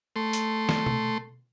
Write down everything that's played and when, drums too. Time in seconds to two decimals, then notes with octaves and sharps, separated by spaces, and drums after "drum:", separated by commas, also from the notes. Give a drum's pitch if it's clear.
0.16 A3 C6
0.33 drum: hi-hat
0.69 drum: snare
0.86 drum: tom B2